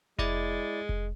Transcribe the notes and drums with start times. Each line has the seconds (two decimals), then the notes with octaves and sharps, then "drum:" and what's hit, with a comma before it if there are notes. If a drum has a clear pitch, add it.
0.19 G#3 E4 D5 A6, drum: kick F1
0.89 drum: kick F1